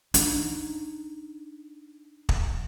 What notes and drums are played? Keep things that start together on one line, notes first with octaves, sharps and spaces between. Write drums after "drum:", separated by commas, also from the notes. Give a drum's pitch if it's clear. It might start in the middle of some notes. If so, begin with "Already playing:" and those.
D4 D#4, drum: hi-hat
drum: kick